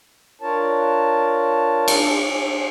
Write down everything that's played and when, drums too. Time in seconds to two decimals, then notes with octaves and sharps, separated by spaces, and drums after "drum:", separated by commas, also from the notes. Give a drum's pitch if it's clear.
0.41 D4 F4 A#4 C#5 A5
1.88 drum: cymbal